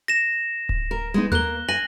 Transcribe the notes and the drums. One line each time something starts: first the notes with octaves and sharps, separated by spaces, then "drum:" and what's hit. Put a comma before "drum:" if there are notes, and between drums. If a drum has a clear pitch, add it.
A#6 E7
drum: kick D1
A#4
G#3 B3 D#4
A#3 A#4 F#6 G7, drum: tom D#2
G#5 A#6 F#7